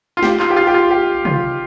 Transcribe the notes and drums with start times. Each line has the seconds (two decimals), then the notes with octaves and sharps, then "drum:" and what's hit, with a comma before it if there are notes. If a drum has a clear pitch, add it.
0.17 F4
0.23 G4, drum: snare
0.40 F4, drum: clap
0.50 G4
0.56 F4
0.67 G4
0.74 F4
0.91 G4
1.25 F4, drum: tom C3